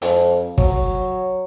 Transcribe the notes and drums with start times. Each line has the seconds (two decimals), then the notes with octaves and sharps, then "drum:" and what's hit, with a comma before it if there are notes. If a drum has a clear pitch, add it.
0.02 F2, drum: hi-hat
0.58 F#3, drum: kick